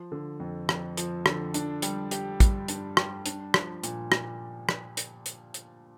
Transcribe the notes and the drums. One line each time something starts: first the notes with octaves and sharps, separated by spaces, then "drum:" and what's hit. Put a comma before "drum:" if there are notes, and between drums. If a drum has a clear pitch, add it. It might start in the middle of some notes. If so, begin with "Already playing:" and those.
Already playing: F3
D3
F2
F2, drum: rim click
F3, drum: hi-hat
D3, drum: rim click
D4, drum: hi-hat
G3, drum: hi-hat
G4, drum: hi-hat
G2, drum: kick, hi-hat
D4, drum: hi-hat
G3, drum: rim click
D4, drum: hi-hat
F3, drum: rim click
A#2, drum: hi-hat
A#2, drum: rim click
drum: rim click
drum: hi-hat
drum: hi-hat
drum: hi-hat